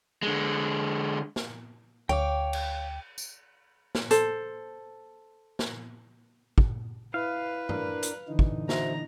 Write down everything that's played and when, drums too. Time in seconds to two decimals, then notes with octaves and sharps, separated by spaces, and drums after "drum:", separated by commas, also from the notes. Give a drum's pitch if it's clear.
0.23 D3 G#3
1.36 drum: snare
2.09 D2 C#5 F5 G5 D6
2.53 drum: cymbal
3.18 drum: tambourine
3.95 drum: snare
4.11 A4 C5, drum: hi-hat
5.59 drum: snare
6.58 drum: kick
7.14 E4 B4 F5
7.69 D4 A#4, drum: tom G2
8.03 drum: hi-hat
8.28 D3 E3 D#4
8.39 drum: kick
8.69 F#4 C5 E5 A#5, drum: snare